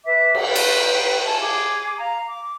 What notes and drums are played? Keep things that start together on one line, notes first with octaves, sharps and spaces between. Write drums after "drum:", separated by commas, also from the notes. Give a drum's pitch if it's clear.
B4 E5 D6
drum: cymbal
B4 G5
drum: cymbal
G#5 A5
G#4 D6
F5 A#5
D6